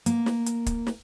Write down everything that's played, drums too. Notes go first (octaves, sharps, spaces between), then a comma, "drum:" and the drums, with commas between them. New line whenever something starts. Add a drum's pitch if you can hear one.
A#3, drum: hi-hat
drum: snare
drum: hi-hat
drum: kick, hi-hat
drum: snare